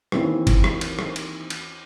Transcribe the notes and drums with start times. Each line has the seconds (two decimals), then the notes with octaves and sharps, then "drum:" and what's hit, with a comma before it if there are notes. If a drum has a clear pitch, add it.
0.12 D#2 E3 C4, drum: rim click
0.47 drum: kick G1, cymbal
0.64 drum: rim click
0.81 drum: cymbal
0.99 drum: rim click
1.16 drum: cymbal
1.50 drum: cymbal